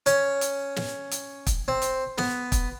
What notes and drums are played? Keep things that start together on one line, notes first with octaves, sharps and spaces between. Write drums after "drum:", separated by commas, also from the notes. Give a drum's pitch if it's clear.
C#4, drum: hi-hat
drum: hi-hat
drum: snare
drum: hi-hat
drum: kick, hi-hat
C4
drum: hi-hat
B3, drum: snare
drum: kick, hi-hat